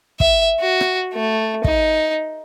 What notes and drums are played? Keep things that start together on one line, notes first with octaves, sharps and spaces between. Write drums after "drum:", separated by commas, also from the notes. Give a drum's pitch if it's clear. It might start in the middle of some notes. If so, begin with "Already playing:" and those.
E5, drum: kick
F#4
drum: rim click
A3
D#4, drum: kick